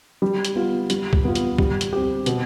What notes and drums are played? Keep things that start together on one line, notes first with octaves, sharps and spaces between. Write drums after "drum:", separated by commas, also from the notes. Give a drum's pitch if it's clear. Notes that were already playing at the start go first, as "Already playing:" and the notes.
G3
drum: hi-hat
B3 F4
G3, drum: hi-hat
drum: kick
B3 F4
drum: hi-hat
G3, drum: kick
drum: hi-hat
C4 G4
B2, drum: hi-hat